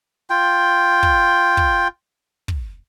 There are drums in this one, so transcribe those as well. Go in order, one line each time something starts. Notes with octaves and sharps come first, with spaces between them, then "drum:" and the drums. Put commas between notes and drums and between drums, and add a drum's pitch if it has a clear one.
F4 G5
drum: kick
drum: kick
drum: kick